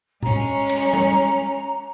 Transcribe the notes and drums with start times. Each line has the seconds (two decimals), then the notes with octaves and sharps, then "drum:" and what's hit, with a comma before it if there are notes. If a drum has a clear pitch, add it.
0.23 G#3 C#4 A#5, drum: tom A#2
0.69 drum: cymbal
0.93 drum: tom G3